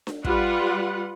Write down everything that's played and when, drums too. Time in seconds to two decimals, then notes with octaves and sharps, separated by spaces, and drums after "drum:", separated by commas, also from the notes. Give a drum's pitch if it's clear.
0.07 drum: snare D4
0.24 G3 F4 B4 F#5, drum: kick